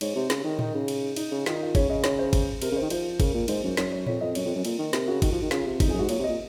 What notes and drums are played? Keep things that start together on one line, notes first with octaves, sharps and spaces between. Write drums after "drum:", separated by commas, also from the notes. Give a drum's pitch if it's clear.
G#2 C#5, drum: cymbal
C3
C#3, drum: snare
D#3
D#3 D#4, drum: tom A2
C#3
drum: cymbal
D#4, drum: cymbal
C#3
D#3 F4, drum: snare
D#4
F4
C#3 C#5, drum: kick, cymbal
C#3 D#5
C#5, drum: snare
C5
drum: kick, cymbal
C3 A#4, drum: cymbal
C#3
C5
D#3
F3 C5, drum: cymbal
C#3 A#4, drum: kick, cymbal
A#2
G#2 C5, drum: cymbal
F#2
F#2 C#5, drum: snare
C#5
F2 C#5, drum: tom A2
F2 D#5
F#2 C#5, drum: cymbal
F2
F#2
A#2, drum: cymbal
D#3
C3 A#4, drum: snare
C#3 F#4
D#3, drum: kick, cymbal
F3
D#3
C#3 F4, drum: snare
C3
D#4, drum: kick, cymbal
F2
F#2 G#4
G#2 F#4
A#2 C#5, drum: cymbal
C3
A#2 D#5